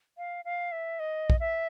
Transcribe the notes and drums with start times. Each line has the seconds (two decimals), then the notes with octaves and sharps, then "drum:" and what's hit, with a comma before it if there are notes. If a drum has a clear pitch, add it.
0.18 F5
0.45 F5
0.72 E5
0.99 D#5
1.30 drum: kick
1.40 E5